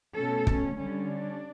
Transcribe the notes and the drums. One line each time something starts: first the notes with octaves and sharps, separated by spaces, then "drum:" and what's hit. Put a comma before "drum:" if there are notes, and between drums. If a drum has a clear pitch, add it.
B2 A3 C#4 A4
C#4, drum: kick
D3 G3 C#4
D4